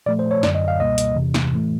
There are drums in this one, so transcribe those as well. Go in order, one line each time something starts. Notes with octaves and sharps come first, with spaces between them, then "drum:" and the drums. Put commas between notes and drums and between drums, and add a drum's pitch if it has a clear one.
A#2 F3 A3 D5
C5
C#5
F#2 D3 F#3 D5, drum: snare
D#5
F5
C#2 B2 G3 A#3 D#5
drum: hi-hat
E2 C3 E3
drum: snare
A2 E3 A3